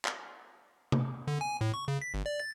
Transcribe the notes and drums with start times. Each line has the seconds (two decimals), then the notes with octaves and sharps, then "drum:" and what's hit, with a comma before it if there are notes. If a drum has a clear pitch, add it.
0.05 drum: clap
0.92 drum: tom C3
1.27 D3
1.41 G#5
1.61 A2
1.74 C#6
1.88 C#3
2.01 B6
2.14 G1
2.26 D5
2.40 A6